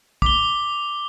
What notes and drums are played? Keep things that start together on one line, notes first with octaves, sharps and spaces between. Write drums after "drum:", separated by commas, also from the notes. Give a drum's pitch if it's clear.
D6 G7, drum: kick